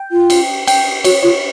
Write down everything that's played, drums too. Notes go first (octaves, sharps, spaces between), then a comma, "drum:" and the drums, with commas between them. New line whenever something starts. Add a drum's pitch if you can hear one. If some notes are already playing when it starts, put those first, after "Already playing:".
Already playing: G5
F4
drum: cymbal
G5, drum: cymbal
F#4 C#5, drum: cymbal
F4 C#5